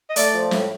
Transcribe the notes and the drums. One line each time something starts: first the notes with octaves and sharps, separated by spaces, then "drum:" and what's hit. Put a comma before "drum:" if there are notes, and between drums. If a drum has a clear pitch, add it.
D#5
A3 D5, drum: hi-hat
F3
A2, drum: snare